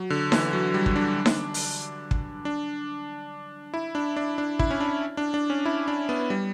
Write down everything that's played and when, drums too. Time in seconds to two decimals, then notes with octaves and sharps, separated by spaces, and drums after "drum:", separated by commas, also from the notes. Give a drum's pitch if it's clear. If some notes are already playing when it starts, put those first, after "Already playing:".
Already playing: F#3
0.10 D3
0.32 E3, drum: snare D#4
0.53 F#3
0.74 G3
0.86 drum: kick
0.96 D4
1.26 drum: snare D#4
1.54 drum: open hi-hat
2.11 drum: kick
2.45 D4
3.74 E4
3.95 D4
4.16 D4
4.38 D4
4.59 E4, drum: kick
4.71 C#4
4.80 D4
5.17 D4
5.34 D4
5.50 C#4
5.65 E4
5.88 D4
6.09 B3
6.30 G3